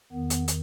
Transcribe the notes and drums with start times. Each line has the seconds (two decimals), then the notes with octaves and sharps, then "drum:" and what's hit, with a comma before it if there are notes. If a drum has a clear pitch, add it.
0.12 E2 D#3 B3
0.30 drum: hi-hat
0.48 drum: hi-hat